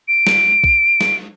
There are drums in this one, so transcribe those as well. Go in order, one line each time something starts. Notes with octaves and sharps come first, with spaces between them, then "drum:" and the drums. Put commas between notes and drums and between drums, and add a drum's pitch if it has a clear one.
D7
drum: snare
drum: kick B1
drum: snare